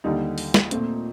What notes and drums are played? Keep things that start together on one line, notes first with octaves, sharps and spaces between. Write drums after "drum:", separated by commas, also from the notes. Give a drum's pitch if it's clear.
D#2 D3 G3 D#4
drum: open hi-hat
drum: snare
A#2 A3 C4, drum: hi-hat